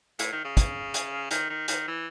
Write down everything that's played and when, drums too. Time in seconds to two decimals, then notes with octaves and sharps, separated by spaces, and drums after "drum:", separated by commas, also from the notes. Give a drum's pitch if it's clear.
0.19 A2, drum: hi-hat
0.32 D#3
0.45 C#3
0.57 drum: kick, hi-hat
0.94 drum: hi-hat
1.31 D#3, drum: hi-hat
1.50 D#3
1.68 D#3, drum: hi-hat
1.87 E3